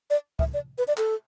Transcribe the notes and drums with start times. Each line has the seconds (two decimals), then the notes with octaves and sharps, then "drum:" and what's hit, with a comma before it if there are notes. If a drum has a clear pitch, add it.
0.10 D5
0.39 E5, drum: kick
0.54 D5
0.78 B4
0.88 D5
0.97 A4, drum: clap